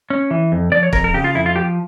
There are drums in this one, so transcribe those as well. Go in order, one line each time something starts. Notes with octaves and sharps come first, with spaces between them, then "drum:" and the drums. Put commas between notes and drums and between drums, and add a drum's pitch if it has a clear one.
C#4
E3
F2
F3 D5
C#5
F2 A#4, drum: kick
A#4
C#3 G4
F4
F2 E4
F4
F3 G4